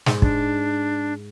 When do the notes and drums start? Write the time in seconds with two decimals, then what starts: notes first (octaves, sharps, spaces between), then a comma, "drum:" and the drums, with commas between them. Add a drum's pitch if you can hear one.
0.06 G#2, drum: snare
0.22 D4, drum: kick